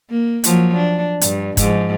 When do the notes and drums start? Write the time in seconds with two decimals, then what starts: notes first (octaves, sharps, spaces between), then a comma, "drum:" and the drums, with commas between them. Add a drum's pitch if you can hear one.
0.10 A#3
0.44 F3 F#3 A#3, drum: hi-hat
0.76 D4
1.21 G2, drum: hi-hat
1.57 G#2 F3, drum: kick F#1, hi-hat